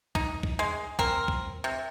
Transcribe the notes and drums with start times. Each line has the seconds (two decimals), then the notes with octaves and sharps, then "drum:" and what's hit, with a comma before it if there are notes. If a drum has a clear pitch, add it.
0.15 D#4, drum: kick
0.43 drum: kick
0.59 G#3
0.99 C4 A#4, drum: kick
1.28 drum: kick
1.64 C3